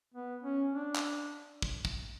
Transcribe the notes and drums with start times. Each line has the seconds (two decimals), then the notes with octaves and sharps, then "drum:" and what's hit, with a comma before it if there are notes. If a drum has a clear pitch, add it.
0.14 B3
0.43 C#4
0.73 D4
0.96 drum: clap
1.62 drum: kick
1.85 drum: kick